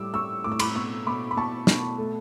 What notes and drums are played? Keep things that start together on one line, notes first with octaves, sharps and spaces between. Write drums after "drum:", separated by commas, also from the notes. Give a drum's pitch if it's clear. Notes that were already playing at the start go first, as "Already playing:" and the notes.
Already playing: A2 G3 D6 E6
G3 C#6 E6
A2 D6
E6
B5 D6, drum: cymbal
B2 C#6 E6
B2 B5 D6
B5
B2 A5 C#6
B2, drum: snare
A3